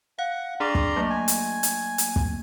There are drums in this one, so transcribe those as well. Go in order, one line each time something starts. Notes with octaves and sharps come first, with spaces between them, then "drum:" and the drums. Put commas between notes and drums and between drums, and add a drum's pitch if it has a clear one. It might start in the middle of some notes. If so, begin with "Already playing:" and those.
F5 F#5
D4 G#4 D5 A#5 C6
drum: kick
F#3 A3 A#3
G#5
drum: hi-hat
drum: hi-hat
drum: hi-hat
drum: kick